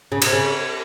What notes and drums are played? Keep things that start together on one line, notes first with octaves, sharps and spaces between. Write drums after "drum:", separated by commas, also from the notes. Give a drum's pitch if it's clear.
C#3
C3, drum: cymbal
C#3